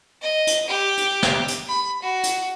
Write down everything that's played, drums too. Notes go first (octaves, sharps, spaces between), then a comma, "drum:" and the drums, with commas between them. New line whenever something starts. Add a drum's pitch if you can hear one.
D#5
drum: hi-hat
G4
drum: hi-hat
drum: snare
drum: hi-hat
B5
F#4
drum: hi-hat